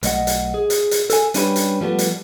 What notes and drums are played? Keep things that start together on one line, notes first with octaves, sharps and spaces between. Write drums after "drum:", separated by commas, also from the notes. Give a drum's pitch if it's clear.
B1 A3 D#5 F#5, drum: hi-hat
drum: hi-hat
G#4
drum: hi-hat
drum: hi-hat
A4 G#5, drum: hi-hat
G3 C#4 D4 E4 G4 B4, drum: hi-hat
drum: hi-hat
F3 G3 A3 B3
drum: hi-hat